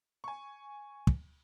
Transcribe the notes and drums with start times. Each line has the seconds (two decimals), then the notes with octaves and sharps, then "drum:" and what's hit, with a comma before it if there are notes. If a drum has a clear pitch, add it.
0.24 G#5 C#6
1.07 drum: kick